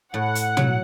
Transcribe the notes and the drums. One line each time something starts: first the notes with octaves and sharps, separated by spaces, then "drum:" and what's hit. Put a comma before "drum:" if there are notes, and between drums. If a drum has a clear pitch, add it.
A2 F#5
drum: hi-hat
F#3, drum: tom